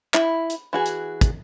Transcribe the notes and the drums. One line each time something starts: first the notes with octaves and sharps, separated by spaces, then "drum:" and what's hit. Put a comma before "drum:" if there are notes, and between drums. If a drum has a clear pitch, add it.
E4, drum: clap
drum: hi-hat
E3 F#4 G#4
drum: hi-hat
drum: kick, hi-hat